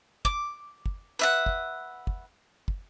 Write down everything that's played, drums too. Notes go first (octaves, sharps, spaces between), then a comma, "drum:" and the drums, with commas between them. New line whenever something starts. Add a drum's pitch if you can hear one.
D6, drum: kick
drum: kick
B4 E5 F#5
drum: kick
drum: kick
drum: kick